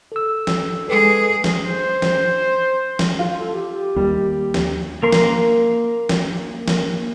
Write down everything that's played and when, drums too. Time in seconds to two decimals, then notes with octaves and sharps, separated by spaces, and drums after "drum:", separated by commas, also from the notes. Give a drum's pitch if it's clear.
0.12 A4 E6
0.47 drum: snare
0.88 G#3 G#4 A4 B4
1.44 drum: snare
1.63 C5
2.02 drum: snare
2.99 drum: snare
3.19 F4 C6
3.38 A4
3.52 G4
3.96 D#2 G3
4.54 drum: snare
5.03 A#3 A#4 C6
5.12 drum: snare
6.09 drum: snare
6.68 drum: snare